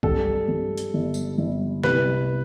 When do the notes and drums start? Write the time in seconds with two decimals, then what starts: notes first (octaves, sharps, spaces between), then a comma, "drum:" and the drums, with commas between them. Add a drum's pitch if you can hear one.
0.03 G2 A4, drum: kick
0.49 G2
0.77 drum: hi-hat
0.94 G1
1.14 drum: tambourine
1.38 G1
1.84 C2 B4, drum: snare